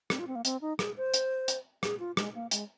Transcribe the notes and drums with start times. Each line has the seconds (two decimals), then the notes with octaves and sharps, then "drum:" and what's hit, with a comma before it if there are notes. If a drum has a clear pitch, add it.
0.10 C4, drum: rim click
0.19 F4
0.27 C4
0.35 A#3
0.45 C4, drum: hi-hat
0.61 D#4
0.79 G#4, drum: rim click
0.97 C5
1.14 drum: hi-hat
1.48 drum: hi-hat
1.83 G#4, drum: rim click
1.99 F4
2.17 G#3, drum: rim click
2.35 A#3
2.51 G#3, drum: hi-hat